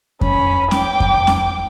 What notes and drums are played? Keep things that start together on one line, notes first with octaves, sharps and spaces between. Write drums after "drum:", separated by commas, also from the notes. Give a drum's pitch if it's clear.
C#4 B5, drum: kick F2
G5 D6, drum: snare C#4
drum: kick F2
drum: snare C#4